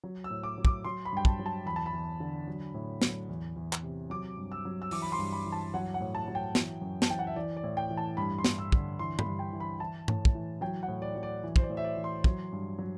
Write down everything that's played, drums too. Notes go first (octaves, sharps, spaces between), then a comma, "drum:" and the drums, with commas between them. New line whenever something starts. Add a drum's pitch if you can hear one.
F#3
E6
A2
D6
F#3
D6, drum: kick
F#3 C6
B5
G2 G5
A5, drum: kick
F#3
A5
E2 B5
A5
B5
E2
D3
F#3
A2
F#3, drum: snare
E2
E2
drum: clap
C3
F#3 D6
G2
E6
F#3
E6
E3 D6, drum: open hi-hat
B5
C6
G2
B5
E3
A5
F#3 F#5
F#5
A2
A5
F#3
G5
E3, drum: snare
F#2
A5, drum: snare
E3 G5
F#5
E5
E3 D5
D5
A2
G5
E3
A5
G2 B5
C6
G2, drum: snare
E6
D3, drum: kick
E3 C6
B5, drum: tom
G2
G5
E3
B5
E3 A5
A2, drum: tom G#2
drum: kick
E3
F#3 G5
F#5
A2
D5
F#3
D5
E3
C5, drum: kick
D5
A2
E5
D5
E3
C6
F#3, drum: kick
G2
F#3